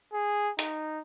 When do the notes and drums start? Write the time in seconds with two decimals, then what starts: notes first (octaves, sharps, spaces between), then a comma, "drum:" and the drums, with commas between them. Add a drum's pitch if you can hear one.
0.13 G#4
0.59 D#4, drum: hi-hat